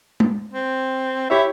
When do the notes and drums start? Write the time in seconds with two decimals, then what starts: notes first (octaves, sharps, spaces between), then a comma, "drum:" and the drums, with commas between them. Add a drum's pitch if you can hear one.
0.20 drum: tom G#3
0.53 C4
1.30 E4 G4 C#5 E5